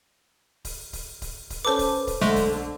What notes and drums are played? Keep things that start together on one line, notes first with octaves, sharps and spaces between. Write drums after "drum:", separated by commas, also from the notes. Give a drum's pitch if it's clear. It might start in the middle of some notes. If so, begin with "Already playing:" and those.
drum: kick D1, open hi-hat
drum: kick D1, open hi-hat
drum: kick D1, open hi-hat
drum: kick D1, open hi-hat
C#4 A4 B4 C5 D6
drum: kick D1, open hi-hat
drum: kick D1, open hi-hat
B1 D3 G#3 A3
drum: kick D1, open hi-hat